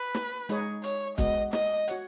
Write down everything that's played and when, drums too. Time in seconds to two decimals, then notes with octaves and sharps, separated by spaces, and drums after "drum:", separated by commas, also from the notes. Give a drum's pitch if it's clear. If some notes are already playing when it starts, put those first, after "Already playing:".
Already playing: B4
0.14 drum: snare
0.49 G#3 D#4 G#4 C#5, drum: hi-hat
0.83 C#5, drum: hi-hat
1.18 G#3 B3 F#4 D#5, drum: kick, hi-hat
1.53 D#5, drum: snare
1.88 F#4 C#5 F#5, drum: hi-hat